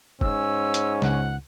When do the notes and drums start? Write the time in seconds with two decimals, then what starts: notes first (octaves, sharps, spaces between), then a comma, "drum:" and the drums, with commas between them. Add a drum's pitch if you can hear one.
0.21 G#2 C#4 E6, drum: kick
0.74 drum: hi-hat
1.02 C#2 F#5, drum: snare